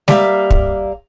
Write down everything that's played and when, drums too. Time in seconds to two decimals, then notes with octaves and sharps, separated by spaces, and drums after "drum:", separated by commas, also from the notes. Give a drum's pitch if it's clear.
0.08 G3 A#3 E5 F5, drum: snare G#3
0.50 drum: kick